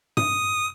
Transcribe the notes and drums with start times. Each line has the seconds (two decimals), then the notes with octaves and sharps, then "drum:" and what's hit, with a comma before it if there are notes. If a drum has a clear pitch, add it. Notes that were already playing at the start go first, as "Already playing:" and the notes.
0.17 D#6, drum: tom